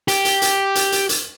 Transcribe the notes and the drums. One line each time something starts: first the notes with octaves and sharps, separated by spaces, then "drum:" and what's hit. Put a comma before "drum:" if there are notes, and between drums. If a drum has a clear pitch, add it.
G4, drum: hi-hat
drum: hi-hat
drum: hi-hat
drum: hi-hat
drum: hi-hat
drum: hi-hat